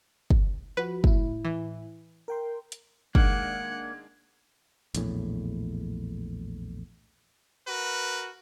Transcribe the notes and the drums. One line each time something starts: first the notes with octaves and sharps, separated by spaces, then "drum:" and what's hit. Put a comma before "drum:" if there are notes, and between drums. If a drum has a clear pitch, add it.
drum: kick
F3 F#4 B4 B5
A2 E4, drum: kick
E3
A#4 G5 C6
drum: hi-hat
D#3 G#3 A#3 D4 F#5 G#6, drum: kick
A#1 E2 A2, drum: hi-hat
F#4 A#4 B4